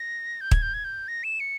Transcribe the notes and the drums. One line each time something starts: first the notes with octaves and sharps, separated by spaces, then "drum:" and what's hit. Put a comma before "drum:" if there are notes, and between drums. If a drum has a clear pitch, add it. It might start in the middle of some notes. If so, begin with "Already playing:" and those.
Already playing: A#6
G6
G#6, drum: kick
G6
G#6
G6
A#6
E7
C#7